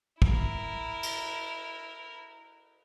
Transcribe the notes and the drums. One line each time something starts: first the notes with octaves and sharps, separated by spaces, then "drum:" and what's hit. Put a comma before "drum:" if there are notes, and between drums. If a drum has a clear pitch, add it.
E4 A#4, drum: kick
drum: cymbal